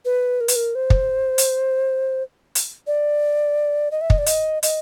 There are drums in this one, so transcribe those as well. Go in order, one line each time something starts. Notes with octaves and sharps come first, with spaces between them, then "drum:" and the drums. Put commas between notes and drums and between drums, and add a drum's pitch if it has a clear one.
B4
A#4
B4, drum: hi-hat
A#4
C5
drum: kick
drum: hi-hat
drum: hi-hat
D5
D#5
E5
D#5, drum: kick
D5
D#5, drum: hi-hat
D#5, drum: hi-hat